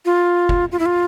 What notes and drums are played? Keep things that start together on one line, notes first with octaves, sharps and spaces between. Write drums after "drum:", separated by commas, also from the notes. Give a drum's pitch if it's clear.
F4
drum: kick F1
F4
E4
F4